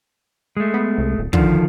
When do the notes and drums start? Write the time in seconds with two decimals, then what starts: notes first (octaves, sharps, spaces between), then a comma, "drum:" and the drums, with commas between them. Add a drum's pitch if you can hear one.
0.57 G#3 A3
0.74 B3
0.98 C2
1.19 D1
1.33 D3 D#3 F3, drum: kick